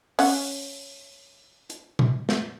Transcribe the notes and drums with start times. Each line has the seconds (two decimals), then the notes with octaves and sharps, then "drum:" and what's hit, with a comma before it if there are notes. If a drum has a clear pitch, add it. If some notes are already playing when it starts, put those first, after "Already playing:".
0.19 C#4 F#5, drum: open hi-hat
1.70 drum: hi-hat
1.99 drum: tom A#2
2.29 drum: snare